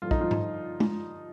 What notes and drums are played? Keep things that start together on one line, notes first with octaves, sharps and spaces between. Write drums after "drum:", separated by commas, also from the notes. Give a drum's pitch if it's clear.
G2 D3 F3 F4
D#4, drum: kick
F3 F4
drum: tom G#2
drum: tom G#3